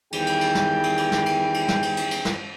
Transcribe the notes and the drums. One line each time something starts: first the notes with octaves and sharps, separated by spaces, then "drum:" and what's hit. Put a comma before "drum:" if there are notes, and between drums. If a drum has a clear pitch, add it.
E2 D#3 G3 E4 G#4 G5, drum: cymbal
drum: cymbal
drum: cymbal
drum: snare
drum: cymbal
drum: cymbal
drum: snare
drum: cymbal
drum: cymbal
drum: snare
drum: cymbal
drum: cymbal
drum: cymbal
drum: snare